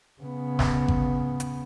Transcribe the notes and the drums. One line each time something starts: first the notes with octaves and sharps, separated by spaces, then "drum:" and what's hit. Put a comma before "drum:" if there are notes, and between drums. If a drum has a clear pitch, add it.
C#3 B3
drum: snare
drum: kick G#1
drum: hi-hat